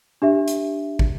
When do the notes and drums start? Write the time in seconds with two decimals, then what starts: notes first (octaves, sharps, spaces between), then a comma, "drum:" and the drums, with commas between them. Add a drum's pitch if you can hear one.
0.22 D4 G4 E5
0.48 drum: hi-hat
0.99 drum: kick